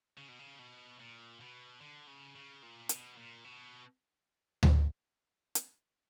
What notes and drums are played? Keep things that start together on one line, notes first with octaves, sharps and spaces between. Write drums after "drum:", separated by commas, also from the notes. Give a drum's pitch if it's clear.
C#3
B2
C#3
B2
A#2
B2
D3
C#3
C#3
A#2
B2, drum: hi-hat
A#2
B2
drum: tom D2
drum: hi-hat